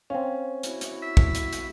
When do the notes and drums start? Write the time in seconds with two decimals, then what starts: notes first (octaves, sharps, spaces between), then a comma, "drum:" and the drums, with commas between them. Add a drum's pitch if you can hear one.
0.10 C4 C#4 F5
0.63 E4 F#4, drum: hi-hat
0.81 drum: hi-hat
1.03 E5
1.17 drum: kick
1.35 drum: hi-hat
1.53 drum: hi-hat